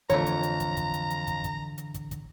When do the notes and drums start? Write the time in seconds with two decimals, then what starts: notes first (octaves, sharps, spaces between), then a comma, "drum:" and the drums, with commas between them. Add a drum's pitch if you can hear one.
0.10 F2 D3 E3 A3 C#5 A#5, drum: kick, hi-hat
0.26 drum: hi-hat
0.43 drum: hi-hat
0.60 drum: kick, hi-hat
0.77 drum: kick, hi-hat
0.94 drum: hi-hat
1.10 drum: hi-hat
1.27 drum: kick, hi-hat
1.44 drum: kick, hi-hat
1.78 drum: hi-hat
1.94 drum: kick, hi-hat
2.11 drum: kick, hi-hat